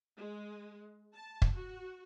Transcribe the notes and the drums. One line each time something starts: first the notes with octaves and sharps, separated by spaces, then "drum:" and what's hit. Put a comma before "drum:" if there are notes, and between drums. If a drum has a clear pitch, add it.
G#3
A5
drum: kick
F#4